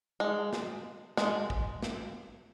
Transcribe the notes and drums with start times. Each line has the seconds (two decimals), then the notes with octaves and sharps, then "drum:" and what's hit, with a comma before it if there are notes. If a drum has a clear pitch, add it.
0.20 G#3
0.53 drum: snare
1.17 G#3, drum: snare
1.50 drum: kick
1.82 drum: snare